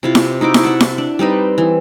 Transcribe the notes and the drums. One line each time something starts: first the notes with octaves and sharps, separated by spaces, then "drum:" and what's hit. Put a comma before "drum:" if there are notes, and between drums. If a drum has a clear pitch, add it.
C3 E4 F4
drum: snare E4
D#4 E4 F#4 D6
drum: snare E4
E5 F#5 A5
drum: snare E4
D4
G3 C4 D#4 B4
E3